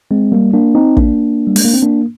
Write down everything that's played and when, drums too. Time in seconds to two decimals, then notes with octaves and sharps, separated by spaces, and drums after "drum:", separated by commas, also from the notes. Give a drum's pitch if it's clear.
0.11 G#3 C4
0.32 G3 A#3
0.53 A#3 D4
0.75 C4 D#4
0.97 A#3 D4, drum: kick
1.47 G3
1.56 G#3, drum: open hi-hat
1.65 A#3
1.74 C4
1.82 A#3 D4